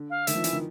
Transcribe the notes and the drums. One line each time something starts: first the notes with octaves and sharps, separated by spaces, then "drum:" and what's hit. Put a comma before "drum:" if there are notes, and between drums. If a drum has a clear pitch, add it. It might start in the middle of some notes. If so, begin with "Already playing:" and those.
Already playing: D3
F5
D#3 E5, drum: hi-hat
F3
E3, drum: hi-hat
D#3